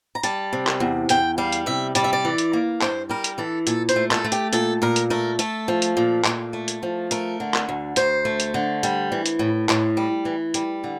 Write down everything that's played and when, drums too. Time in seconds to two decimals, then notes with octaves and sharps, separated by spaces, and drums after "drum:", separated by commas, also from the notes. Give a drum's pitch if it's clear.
0.15 A#5
0.23 G3 A5, drum: hi-hat
0.53 C3
0.67 drum: clap
0.80 E2
1.09 E2 G5, drum: hi-hat
1.38 G3 F5
1.52 drum: hi-hat
1.66 C3 E5
1.95 G3 D5, drum: hi-hat
2.04 E5
2.13 D5
2.25 E3
2.38 drum: hi-hat
2.53 A#3
2.81 G2 C5, drum: clap
3.09 G3 A#4
3.24 drum: hi-hat
3.38 E3 A4
3.67 A#2 A4, drum: hi-hat
3.89 C5, drum: hi-hat
3.96 A3
4.11 A4, drum: clap
4.24 A3
4.32 G4, drum: hi-hat
4.53 A#2 A4, drum: hi-hat
4.82 A#2 A#4
4.96 drum: hi-hat
5.10 A3 A#4
5.39 A3 A4, drum: hi-hat
5.68 F3
5.82 drum: hi-hat
5.97 A#2
6.24 A#2, drum: clap
6.53 A3
6.68 drum: hi-hat
6.83 F3
7.11 A3 A#4, drum: hi-hat
7.40 D3
7.54 drum: clap
7.69 D2
7.96 D2 C5, drum: hi-hat
8.25 A3
8.40 drum: hi-hat
8.54 D3
8.83 G3, drum: hi-hat
9.12 E3
9.26 drum: hi-hat
9.39 A2
9.69 A2, drum: clap
9.97 G3
10.25 E3
10.54 G3, drum: hi-hat
10.84 D3